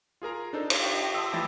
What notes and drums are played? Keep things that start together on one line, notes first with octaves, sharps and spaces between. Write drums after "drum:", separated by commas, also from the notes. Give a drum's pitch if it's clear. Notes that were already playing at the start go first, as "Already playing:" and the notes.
F4 G#4 A#4 A#5
D4 D#4 A4 C5
C5 C#5 F5, drum: cymbal
D#5 G5
A5 C6 D#6 E6
E3 F3 A3 E4 G5 A6